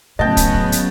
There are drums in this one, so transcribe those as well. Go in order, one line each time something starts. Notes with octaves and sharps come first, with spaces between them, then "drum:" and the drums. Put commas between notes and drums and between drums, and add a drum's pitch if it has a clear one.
A2 C#3 F#3 B3 D#5 G5 A5
drum: kick, hi-hat
drum: kick
drum: hi-hat